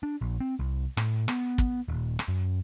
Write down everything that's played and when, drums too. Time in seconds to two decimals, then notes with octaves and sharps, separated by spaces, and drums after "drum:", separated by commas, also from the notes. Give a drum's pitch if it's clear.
0.03 D4
0.21 A#1
0.40 C4
0.59 C2
0.97 A2, drum: rim click
1.28 B3, drum: rim click
1.58 drum: kick
1.88 D#1
2.19 drum: rim click
2.28 F#2